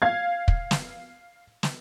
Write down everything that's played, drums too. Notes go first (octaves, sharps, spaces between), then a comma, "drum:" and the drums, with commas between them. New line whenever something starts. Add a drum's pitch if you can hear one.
F5 G#6
drum: kick
drum: snare
drum: snare